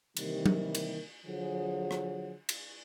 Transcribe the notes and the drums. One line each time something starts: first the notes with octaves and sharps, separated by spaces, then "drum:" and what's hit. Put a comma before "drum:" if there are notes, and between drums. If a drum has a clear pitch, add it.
C3 D#3 E3 G3 A#3, drum: cymbal
drum: tom F#3
drum: cymbal
D3 F3 F#3 G#4
drum: rim click
drum: cymbal